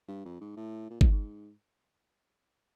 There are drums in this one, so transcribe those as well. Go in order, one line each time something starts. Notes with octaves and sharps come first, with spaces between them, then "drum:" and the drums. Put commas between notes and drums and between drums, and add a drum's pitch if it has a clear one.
G2
F2
G#2
A2
A#2
A2, drum: kick G1
G#2